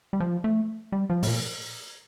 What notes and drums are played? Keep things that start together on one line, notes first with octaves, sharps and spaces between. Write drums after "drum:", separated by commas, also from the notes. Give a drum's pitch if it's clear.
G3
F3
A3
G3
F3
A2, drum: open hi-hat
A#2